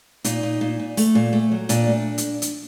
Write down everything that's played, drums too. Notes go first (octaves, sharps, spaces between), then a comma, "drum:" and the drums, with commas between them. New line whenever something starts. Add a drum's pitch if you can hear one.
A#2 D#4, drum: hi-hat
A#2
A#2
A#2
A3, drum: open hi-hat
A#2
A3
F#3
A#2 D4, drum: hi-hat
A3
drum: hi-hat
drum: hi-hat